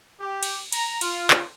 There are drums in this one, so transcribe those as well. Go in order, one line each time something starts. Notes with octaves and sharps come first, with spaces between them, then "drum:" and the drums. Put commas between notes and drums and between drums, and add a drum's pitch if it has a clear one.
G4
drum: cymbal
A#5, drum: cymbal
F4, drum: cymbal
drum: clap